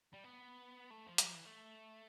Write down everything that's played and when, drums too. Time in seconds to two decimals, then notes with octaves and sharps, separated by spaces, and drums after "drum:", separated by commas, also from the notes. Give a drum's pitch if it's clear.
0.13 G3
0.24 B3
0.90 A3
1.07 F3
1.18 G3, drum: hi-hat
1.24 F3
1.34 E3
1.45 A3